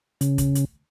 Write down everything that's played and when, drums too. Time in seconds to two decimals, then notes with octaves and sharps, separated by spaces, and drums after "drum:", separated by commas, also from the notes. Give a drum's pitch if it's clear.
0.21 C#3, drum: hi-hat
0.38 drum: kick, hi-hat
0.55 drum: hi-hat